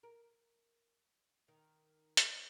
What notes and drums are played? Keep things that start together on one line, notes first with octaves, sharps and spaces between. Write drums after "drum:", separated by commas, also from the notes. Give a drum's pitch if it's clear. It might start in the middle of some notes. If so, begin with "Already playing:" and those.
A#4
D#3
drum: hi-hat